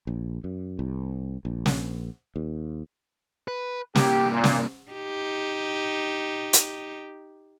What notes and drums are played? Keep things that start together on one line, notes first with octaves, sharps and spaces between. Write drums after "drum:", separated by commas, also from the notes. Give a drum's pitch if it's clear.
A#1
F#2
C2
A#1
drum: snare
D#2
B4
C2 A#3 G4, drum: snare
A#2
drum: snare
D#4 G4
drum: hi-hat